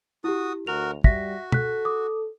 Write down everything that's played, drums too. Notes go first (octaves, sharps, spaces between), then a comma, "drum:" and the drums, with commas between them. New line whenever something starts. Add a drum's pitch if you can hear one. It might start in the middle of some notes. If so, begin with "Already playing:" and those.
E4 F#4 G4 D#6
D2 F#4 A#4 F7
G3 F#4 E5 A#6 B6, drum: kick
A4 F#6 B6, drum: tom
D6 D#6